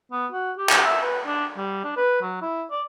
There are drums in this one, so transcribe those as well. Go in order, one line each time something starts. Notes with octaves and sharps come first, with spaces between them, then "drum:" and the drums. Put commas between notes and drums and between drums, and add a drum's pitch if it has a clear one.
B3
F#4
G4
drum: clap
E5
B4
D4
G3
D4
B4
F#3
E4
D5